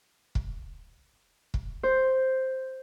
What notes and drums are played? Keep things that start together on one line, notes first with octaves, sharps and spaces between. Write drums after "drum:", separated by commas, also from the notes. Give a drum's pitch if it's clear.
drum: kick
drum: kick
C5